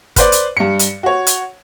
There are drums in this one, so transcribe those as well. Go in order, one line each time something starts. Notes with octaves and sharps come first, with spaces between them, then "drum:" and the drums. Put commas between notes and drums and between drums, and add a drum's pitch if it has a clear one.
B4 C5 D5, drum: kick G1, hi-hat
drum: hi-hat
G2 C#7
drum: hi-hat
F#4 C#5
drum: hi-hat